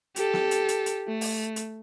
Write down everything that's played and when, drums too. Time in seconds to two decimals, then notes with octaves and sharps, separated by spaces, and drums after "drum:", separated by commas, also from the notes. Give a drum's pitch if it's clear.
0.16 G4 A4, drum: hi-hat
0.34 drum: snare
0.51 drum: hi-hat
0.69 drum: hi-hat
0.86 drum: hi-hat
1.07 A3
1.21 drum: open hi-hat
1.56 drum: hi-hat